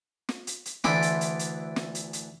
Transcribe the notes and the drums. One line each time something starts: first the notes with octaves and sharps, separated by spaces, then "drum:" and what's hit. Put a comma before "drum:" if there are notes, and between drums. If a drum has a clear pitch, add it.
drum: snare
drum: hi-hat
drum: hi-hat
D2 E3 D5 B5 C6 D6, drum: snare
drum: hi-hat
drum: hi-hat
drum: hi-hat
drum: snare
drum: hi-hat
drum: hi-hat